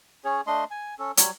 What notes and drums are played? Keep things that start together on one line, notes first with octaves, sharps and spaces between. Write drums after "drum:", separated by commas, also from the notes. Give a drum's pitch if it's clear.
C#4 G#4 C#5
A3 D4 D#5 C6
G#5
C#4 A4
F#3 G3 C#5, drum: hi-hat